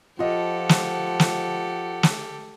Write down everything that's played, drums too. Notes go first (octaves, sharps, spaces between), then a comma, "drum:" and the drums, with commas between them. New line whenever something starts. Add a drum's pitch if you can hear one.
F3 F4 G4 A4 D#5 F#5
drum: snare
drum: snare
drum: snare